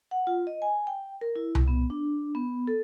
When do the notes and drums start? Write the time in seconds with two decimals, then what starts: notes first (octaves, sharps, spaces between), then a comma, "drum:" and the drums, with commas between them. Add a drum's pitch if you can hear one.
0.11 F#5
0.27 F4
0.47 D#5
0.62 G#5
0.87 G5
1.21 A#4
1.36 E4
1.55 drum: tom C2
1.68 B3
1.90 D4
2.35 B3
2.67 A4